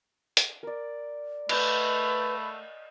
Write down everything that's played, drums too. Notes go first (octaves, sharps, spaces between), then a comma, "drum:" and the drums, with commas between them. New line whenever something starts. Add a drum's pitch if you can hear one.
drum: hi-hat
A#4 D5
A3 B4 D#5 B5 C#6, drum: cymbal